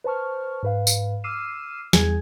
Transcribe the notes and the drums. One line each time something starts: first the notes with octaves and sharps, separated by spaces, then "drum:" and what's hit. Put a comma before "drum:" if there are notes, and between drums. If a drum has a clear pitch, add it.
B4 C5 A5 C#6 F6
G#2 B4 F5
drum: tambourine
D6 E6 F6 C7 D#7 E7
E2 G3 G#4 G#5 G#6, drum: snare